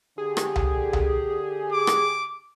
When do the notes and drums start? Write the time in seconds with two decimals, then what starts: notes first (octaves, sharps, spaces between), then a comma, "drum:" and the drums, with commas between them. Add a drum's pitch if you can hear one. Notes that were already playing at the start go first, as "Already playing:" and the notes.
0.18 D3 G4 G#4
0.37 drum: rim click
0.56 drum: tom C2
0.93 drum: tom C2
1.72 D6
1.87 drum: rim click